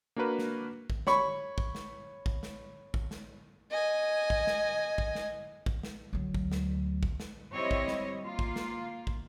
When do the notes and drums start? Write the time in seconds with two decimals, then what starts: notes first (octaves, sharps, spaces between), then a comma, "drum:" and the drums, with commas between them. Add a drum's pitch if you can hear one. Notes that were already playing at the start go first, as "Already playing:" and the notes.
0.16 A#3 D4 F#4 A#4 B4
0.38 drum: snare
0.90 drum: kick
1.07 C#5 B5 C#6, drum: snare
1.58 drum: kick
1.75 drum: snare
2.26 drum: kick
2.43 drum: snare
2.94 drum: kick
3.11 drum: snare
3.71 D#5 G#5
4.30 drum: kick
4.47 drum: snare
4.98 drum: kick
5.15 drum: snare
5.66 drum: kick
5.83 drum: snare
6.13 D2 F#3
6.35 drum: kick
6.52 drum: snare
7.03 drum: kick
7.20 drum: snare
7.54 G3 C4 E4 C#5 D#5
7.71 drum: kick
7.88 drum: snare
8.22 A#3 F4
8.39 drum: kick
8.56 drum: snare
9.07 drum: kick